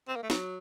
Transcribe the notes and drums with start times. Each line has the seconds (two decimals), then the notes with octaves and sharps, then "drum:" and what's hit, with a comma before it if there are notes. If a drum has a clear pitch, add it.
0.08 C4
0.16 A#3
0.23 A3
0.30 F#3, drum: snare